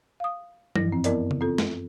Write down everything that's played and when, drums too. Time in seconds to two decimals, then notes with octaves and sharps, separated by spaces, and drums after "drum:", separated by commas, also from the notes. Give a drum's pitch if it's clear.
0.20 F5 D#6
0.76 G2 E3 F3 E4 A#6, drum: tom F#3
0.92 F#2 C4
1.04 B3 E4 A#4 D5 D#5, drum: hi-hat
1.31 drum: tom C#3
1.41 C4 F4 A4
1.58 drum: snare